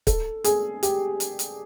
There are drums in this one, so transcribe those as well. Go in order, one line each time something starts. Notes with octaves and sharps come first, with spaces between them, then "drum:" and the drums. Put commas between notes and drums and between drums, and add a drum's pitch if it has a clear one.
A4, drum: kick, hi-hat
G#4, drum: hi-hat
G4, drum: hi-hat
drum: hi-hat
drum: hi-hat